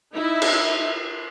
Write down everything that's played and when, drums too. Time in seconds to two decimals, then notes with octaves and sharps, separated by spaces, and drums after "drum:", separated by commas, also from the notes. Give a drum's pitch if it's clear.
0.13 D#4 E4 E5
0.42 drum: cymbal